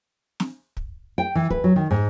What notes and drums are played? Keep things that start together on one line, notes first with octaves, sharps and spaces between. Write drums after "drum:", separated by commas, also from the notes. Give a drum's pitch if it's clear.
drum: snare
drum: kick
G5
E3
B4, drum: kick
F#3
D#3
G#2